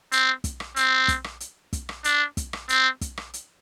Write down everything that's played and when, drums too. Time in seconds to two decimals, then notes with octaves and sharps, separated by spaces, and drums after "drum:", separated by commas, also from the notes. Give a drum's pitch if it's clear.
0.12 C4, drum: hi-hat
0.44 drum: kick, hi-hat
0.60 drum: rim click
0.76 C4, drum: hi-hat
1.08 drum: kick, hi-hat
1.24 drum: rim click
1.40 drum: hi-hat
1.73 drum: kick, hi-hat
1.89 drum: rim click
2.04 D4, drum: hi-hat
2.37 drum: kick, hi-hat
2.53 drum: rim click
2.69 C4, drum: hi-hat
3.01 drum: kick, hi-hat
3.17 drum: rim click
3.34 drum: hi-hat